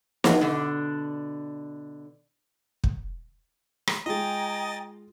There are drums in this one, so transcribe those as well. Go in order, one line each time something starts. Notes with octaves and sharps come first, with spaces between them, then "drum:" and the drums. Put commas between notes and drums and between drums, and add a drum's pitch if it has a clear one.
B3 D4 F4 F#4, drum: snare
B2 D3 D4
drum: kick
drum: rim click
G#3 F4 D#5 G5 G#5 A#5 A6